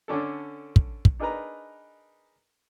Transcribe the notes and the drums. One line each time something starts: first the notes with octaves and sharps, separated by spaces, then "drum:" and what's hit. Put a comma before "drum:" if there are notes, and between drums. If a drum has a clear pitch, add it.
D3 C#4 D4 A4
drum: kick
drum: kick
D4 D#4 G#4 A#4 B4 A#5